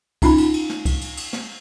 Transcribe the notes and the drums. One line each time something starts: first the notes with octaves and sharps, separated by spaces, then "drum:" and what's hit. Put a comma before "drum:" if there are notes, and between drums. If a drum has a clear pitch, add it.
C#4 D#4 F4 B5, drum: kick C2, cymbal
drum: cymbal
drum: cymbal
drum: snare
drum: kick C2, cymbal
drum: cymbal
drum: cymbal
drum: snare